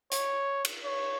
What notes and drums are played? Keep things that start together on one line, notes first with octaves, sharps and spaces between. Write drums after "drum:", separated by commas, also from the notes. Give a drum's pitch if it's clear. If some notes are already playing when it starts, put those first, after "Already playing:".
C#5, drum: hi-hat
drum: cymbal
C#5